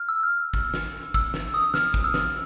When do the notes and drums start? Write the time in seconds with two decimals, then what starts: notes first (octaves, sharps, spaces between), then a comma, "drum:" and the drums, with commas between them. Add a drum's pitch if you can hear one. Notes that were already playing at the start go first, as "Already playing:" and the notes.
Already playing: F6
0.09 E6
0.23 F6
0.54 drum: kick
0.74 drum: snare
1.14 E6, drum: kick
1.34 drum: snare
1.54 D#6
1.74 F6, drum: snare
1.94 drum: kick
2.04 E6
2.14 drum: snare